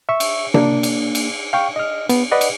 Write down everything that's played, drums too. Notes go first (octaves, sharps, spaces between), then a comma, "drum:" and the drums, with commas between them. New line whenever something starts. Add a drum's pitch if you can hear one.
E5 C#6 E6
drum: cymbal
A#3 D4, drum: tom C3
drum: cymbal
drum: cymbal
F5 G5 C#6
D#5 F6
B3, drum: cymbal
B4 D5 D#5 F#5
drum: cymbal